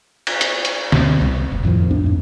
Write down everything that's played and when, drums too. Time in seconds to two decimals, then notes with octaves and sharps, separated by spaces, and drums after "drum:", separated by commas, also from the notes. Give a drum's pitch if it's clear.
0.27 drum: cymbal
0.41 drum: hi-hat
0.65 drum: hi-hat
0.92 D2 B2 B3 C4, drum: snare
1.21 C2
1.52 F#1
1.63 F2 A2 D#3 F3
1.91 B1 C4 D4
2.03 F2 G#2